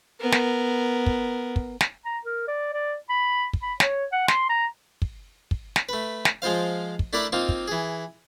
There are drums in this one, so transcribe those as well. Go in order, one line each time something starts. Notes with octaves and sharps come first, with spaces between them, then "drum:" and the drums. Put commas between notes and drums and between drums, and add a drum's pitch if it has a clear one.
B3 A#4
drum: snare
drum: kick
drum: kick
drum: snare
A#5
A#4
D5
D5
B5
drum: kick
B5
C#5, drum: snare
F#5
C6, drum: snare
A#5
drum: kick
drum: kick
drum: snare
A3 B4
drum: snare
F3 G#3 F4 C5 F5
drum: kick
A3 D4 E4 A#4 D5 E5
A#3 C4 D#4 F4
drum: kick
E3 G#4